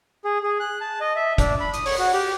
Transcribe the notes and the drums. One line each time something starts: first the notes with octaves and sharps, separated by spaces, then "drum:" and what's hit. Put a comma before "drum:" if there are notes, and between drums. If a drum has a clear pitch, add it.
G#4
G#4
F#6
A5
D#5
E5
D4, drum: kick, hi-hat
B5
D#6, drum: hi-hat
C#5, drum: open hi-hat
F#4
G4